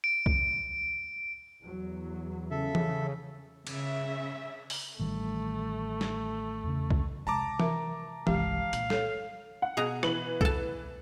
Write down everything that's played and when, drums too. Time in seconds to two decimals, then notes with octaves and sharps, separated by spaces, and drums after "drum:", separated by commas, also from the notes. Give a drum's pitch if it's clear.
0.04 D7
0.26 drum: kick C2
1.62 E2 F#3
2.51 C#3 A4 E5
2.75 drum: tom E3
3.67 C#3 E5, drum: cymbal
4.70 drum: open hi-hat
5.00 A1 D#3 G3 A3
6.01 drum: snare
6.64 E2 C#3
6.91 drum: kick C2
7.27 C3 G#3 A5 A#5 D6
7.60 A#4 E5, drum: tom E3
8.27 G1 C2 G#3 G4 F5, drum: tom E3
8.73 A#2, drum: hi-hat
8.90 A4 C#5, drum: snare
9.62 F#5
9.77 B2 G#4 A#5
10.03 E3 B4 F#7, drum: rim click
10.41 A4 A5, drum: kick C2